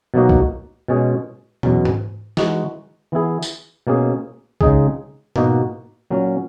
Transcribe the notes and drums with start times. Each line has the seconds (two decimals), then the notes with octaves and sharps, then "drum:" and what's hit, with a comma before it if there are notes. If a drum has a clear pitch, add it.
0.14 B2 F#3 A#3 D#4 F#4
0.29 drum: kick B1
0.88 B2 G#3 C#4 G#4
1.63 E2 B2 F#3 C#4, drum: tom
1.85 drum: tom G#2
2.37 E3 G#3 D#4 F#4, drum: snare
3.12 E3 B3 E4 G#4
3.42 drum: tambourine
3.87 B2 A#3 C#4 G#4
4.61 C#3 G#3 D#4 G#4, drum: kick B1
5.36 B2 A#3 D#4 F#4, drum: tom G#2
6.10 A#2 F#3 C#4